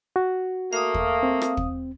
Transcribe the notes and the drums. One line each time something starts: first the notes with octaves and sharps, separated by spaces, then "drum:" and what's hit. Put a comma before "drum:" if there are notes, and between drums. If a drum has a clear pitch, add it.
F#4
A3 A#3 F5 D#6
drum: kick
C4
drum: rim click
drum: kick